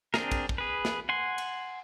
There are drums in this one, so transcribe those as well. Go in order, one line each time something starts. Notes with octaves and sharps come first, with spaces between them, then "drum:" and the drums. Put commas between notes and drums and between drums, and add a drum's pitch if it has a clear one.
C4 D4 G#4 A#4, drum: snare
drum: kick, cymbal
drum: kick
G#4 B4
drum: snare
F#5 G#5 C6
drum: cymbal